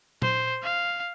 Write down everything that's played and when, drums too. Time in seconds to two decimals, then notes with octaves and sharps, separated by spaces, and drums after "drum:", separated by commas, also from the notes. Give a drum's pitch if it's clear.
0.22 C5, drum: tom A#2
0.63 F5